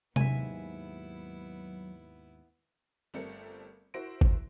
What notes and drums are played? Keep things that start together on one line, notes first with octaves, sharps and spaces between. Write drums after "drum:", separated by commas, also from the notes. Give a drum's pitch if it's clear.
D#2 G#2 F#3 B3 E4 E5 G#5, drum: tom C3
G1 G3 A3 C4 A#4 C#7
E4 F#4 A#4 C5 A#6 D7
drum: kick